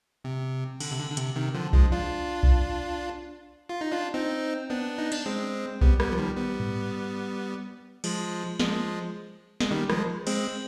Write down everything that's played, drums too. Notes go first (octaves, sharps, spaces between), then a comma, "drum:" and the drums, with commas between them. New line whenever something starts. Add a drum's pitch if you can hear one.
C3
D3, drum: cymbal
C3
D3
D3
C3, drum: hi-hat
C3 D#3
D3 F3
F3 G#3, drum: kick B1
D4 F4
drum: kick B1
F4
D#4
D4 F4
C4 D#4
B3 D4
D#4
D4, drum: cymbal
G#3 C4
G3 B3, drum: kick B1
G3 B3, drum: rim click
F3
D#3 G3
G3 B3
drum: tom G#2
F3 G#3, drum: cymbal
F3 G#3, drum: snare
G#3, drum: snare
D#3 G3
F3 G#3, drum: rim click
G#3 C4, drum: cymbal